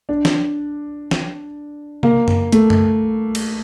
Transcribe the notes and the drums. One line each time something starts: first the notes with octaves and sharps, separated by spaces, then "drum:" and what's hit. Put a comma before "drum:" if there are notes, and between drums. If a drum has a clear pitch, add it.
D4
drum: snare
drum: snare
A#3, drum: tom C3
drum: tom F#2
A3, drum: hi-hat
drum: tom F#2
drum: cymbal